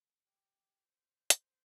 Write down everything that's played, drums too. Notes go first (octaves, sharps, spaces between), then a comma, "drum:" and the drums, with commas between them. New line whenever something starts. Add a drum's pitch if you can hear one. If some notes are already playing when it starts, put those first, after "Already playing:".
G4
C5
drum: hi-hat